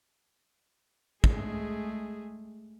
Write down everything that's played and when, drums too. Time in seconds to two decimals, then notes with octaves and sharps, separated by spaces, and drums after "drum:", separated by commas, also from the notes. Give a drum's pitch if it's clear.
1.24 G#3 A3 G#4, drum: kick